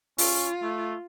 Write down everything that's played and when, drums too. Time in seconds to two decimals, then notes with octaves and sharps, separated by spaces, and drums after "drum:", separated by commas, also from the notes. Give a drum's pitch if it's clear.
0.18 C#4 F4, drum: open hi-hat
0.63 A3